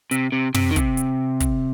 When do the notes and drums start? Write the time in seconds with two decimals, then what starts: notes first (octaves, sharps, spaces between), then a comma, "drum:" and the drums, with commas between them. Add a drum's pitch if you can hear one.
0.11 C3, drum: hi-hat
0.32 C3
0.54 C3, drum: tom
0.71 D#3
0.76 C3, drum: kick, hi-hat
0.97 drum: hi-hat
1.40 drum: kick, hi-hat